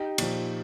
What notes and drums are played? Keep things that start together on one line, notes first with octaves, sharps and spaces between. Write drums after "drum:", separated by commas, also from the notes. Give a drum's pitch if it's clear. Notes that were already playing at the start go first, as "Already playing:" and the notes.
Already playing: D#4 G4
A#2 F3, drum: cymbal